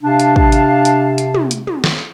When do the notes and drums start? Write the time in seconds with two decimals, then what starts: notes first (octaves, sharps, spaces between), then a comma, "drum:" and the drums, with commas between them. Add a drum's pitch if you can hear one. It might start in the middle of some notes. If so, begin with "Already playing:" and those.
0.03 C3 D4 F5 A5
0.20 drum: hi-hat
0.36 drum: kick
0.52 drum: hi-hat
0.85 drum: hi-hat
1.18 drum: hi-hat
1.34 drum: tom
1.51 drum: hi-hat
1.67 drum: tom
1.84 drum: snare